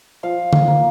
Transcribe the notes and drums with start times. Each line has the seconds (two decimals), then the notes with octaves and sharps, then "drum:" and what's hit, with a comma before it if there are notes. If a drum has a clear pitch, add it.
0.23 F3 F5
0.53 drum: tom D3
0.67 A#3